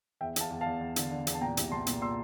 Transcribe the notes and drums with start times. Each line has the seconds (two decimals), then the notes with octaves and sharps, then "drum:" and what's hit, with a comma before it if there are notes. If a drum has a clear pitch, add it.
0.21 E2 E5 G5
0.36 E2 F5 A5, drum: hi-hat
0.51 E2
0.61 E2 F5 A5
0.81 E2
0.96 D3, drum: hi-hat
1.11 D3
1.27 E2, drum: hi-hat
1.35 A5
1.41 A#2 G5 A#5
1.57 C2, drum: hi-hat
1.72 C2 A5 C6
1.87 A#2, drum: hi-hat
2.02 A#2 C6 E6